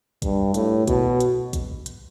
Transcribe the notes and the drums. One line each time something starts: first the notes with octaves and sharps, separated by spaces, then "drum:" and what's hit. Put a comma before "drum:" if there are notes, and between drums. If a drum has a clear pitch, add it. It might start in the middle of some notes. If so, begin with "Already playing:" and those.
G2, drum: kick, hi-hat
A2, drum: hi-hat
B2, drum: kick, hi-hat
drum: hi-hat
drum: kick, hi-hat
drum: hi-hat